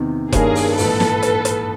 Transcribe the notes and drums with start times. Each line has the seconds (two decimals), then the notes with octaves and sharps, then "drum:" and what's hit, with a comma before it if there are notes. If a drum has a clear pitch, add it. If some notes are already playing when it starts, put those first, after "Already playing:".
Already playing: E2 C3 D#3
0.32 G2 D#3 G3 A#3 C#4 G#4 A#4, drum: kick F1, hi-hat
0.55 drum: open hi-hat
0.78 A#1 G#2 E3 A4 B4, drum: open hi-hat
1.00 drum: snare
1.22 drum: hi-hat
1.45 drum: hi-hat